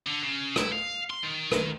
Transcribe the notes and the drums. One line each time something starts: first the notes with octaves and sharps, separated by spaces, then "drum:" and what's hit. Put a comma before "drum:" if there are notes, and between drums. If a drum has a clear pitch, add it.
D3
C#3
E4, drum: rim click
F5
C6
D#3
drum: rim click